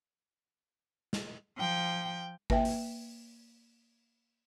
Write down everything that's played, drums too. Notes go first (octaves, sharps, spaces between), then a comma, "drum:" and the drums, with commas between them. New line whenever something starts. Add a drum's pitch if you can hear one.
drum: snare
F3 G5
A#3 B4 E5 G5, drum: kick G#1
drum: open hi-hat